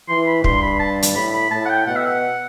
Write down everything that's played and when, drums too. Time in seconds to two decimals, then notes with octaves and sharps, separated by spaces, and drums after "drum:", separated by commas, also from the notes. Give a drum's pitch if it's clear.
0.09 E3 C6
0.27 B5
0.44 G2 C6, drum: kick
0.62 B5
0.80 A5
1.02 drum: hi-hat
1.15 A2 B5
1.34 B5
1.51 A2 A5
1.65 F#5
1.70 G5
1.87 B2 F#5
1.96 E5
2.04 F#5